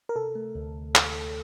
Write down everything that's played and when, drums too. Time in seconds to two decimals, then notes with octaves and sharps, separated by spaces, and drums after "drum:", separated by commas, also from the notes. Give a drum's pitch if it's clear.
0.09 A#4
0.16 C3 A4
0.35 A3
0.55 D2
0.95 drum: clap